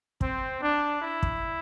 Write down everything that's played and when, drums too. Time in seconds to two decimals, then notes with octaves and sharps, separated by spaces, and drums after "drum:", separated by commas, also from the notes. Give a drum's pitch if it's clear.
0.21 C4, drum: kick
0.61 D4
1.02 E4
1.23 drum: kick